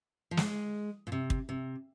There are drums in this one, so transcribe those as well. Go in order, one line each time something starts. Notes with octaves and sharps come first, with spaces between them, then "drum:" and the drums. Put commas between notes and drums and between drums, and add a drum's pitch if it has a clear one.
F3
G#3, drum: snare
A#2
C3
drum: kick
C3